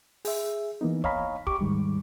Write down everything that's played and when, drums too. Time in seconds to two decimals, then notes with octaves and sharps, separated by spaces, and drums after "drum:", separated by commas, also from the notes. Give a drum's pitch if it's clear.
0.25 G#4 E5, drum: open hi-hat
0.81 E3 A#3 B3 D#4
1.04 C#5 D#5 F5 G#5 A#5 B5, drum: kick
1.47 G4 C#6 D6, drum: kick
1.61 D#2 G#2 D#3 G3